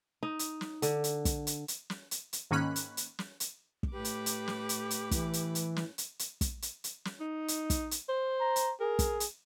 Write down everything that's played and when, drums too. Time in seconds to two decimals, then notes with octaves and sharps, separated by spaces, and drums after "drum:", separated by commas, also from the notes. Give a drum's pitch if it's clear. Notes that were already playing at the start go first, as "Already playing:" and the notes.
0.23 D#4
0.39 drum: hi-hat
0.61 drum: snare
0.82 D3, drum: hi-hat
1.04 drum: hi-hat
1.25 drum: kick, hi-hat
1.47 drum: hi-hat
1.68 drum: hi-hat
1.90 drum: snare
2.11 drum: hi-hat
2.33 drum: hi-hat
2.51 G#2 D#3 A#3 C#4 B5 F#6
2.76 drum: hi-hat
2.97 drum: hi-hat
3.19 drum: snare
3.40 drum: hi-hat
3.83 drum: kick
3.92 A2 G4 B4 D6
4.05 drum: hi-hat
4.26 drum: hi-hat
4.48 drum: snare
4.69 drum: hi-hat
4.90 drum: hi-hat
5.11 E3, drum: kick, hi-hat
5.33 drum: hi-hat
5.55 drum: hi-hat
5.76 drum: snare
5.98 drum: hi-hat
6.19 drum: hi-hat
6.41 drum: kick, hi-hat
6.62 drum: hi-hat
6.84 drum: hi-hat
7.05 drum: snare
7.20 D#4
7.48 drum: hi-hat
7.70 drum: kick, hi-hat
7.91 drum: hi-hat
8.09 C5
8.41 A#5
8.56 drum: hi-hat
8.81 G#4 A#4
8.99 drum: kick, hi-hat
9.20 drum: hi-hat